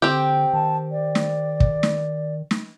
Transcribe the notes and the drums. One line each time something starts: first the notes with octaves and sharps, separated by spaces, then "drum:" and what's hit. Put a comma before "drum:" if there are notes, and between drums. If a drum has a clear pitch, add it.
D3 C4 G4
D#3 A5
D5
drum: snare
drum: kick
drum: snare
drum: snare